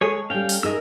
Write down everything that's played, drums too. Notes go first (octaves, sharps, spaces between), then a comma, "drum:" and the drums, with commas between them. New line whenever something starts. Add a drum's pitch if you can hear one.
G#3 G#4 A4 C#5
G3 C#4 F5 G5
drum: open hi-hat
D#4 G#4 A#4 D#5 E6